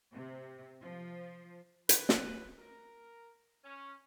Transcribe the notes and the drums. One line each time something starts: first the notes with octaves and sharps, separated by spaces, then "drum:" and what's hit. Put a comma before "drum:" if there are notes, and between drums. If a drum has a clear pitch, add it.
C3
F3
B4, drum: hi-hat
drum: snare
A#4
C#4